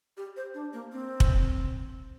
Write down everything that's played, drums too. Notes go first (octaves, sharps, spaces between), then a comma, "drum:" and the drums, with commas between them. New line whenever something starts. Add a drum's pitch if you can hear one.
G4
C5
D4
A#3
C4
drum: kick